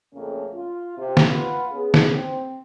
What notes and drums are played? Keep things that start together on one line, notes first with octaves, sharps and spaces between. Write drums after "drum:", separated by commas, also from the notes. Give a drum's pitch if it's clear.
F2 C#3 A3 A#3 C#4
F4
C3
drum: snare
F4 B4 F#5
B3 C#4 G#4
drum: snare
C4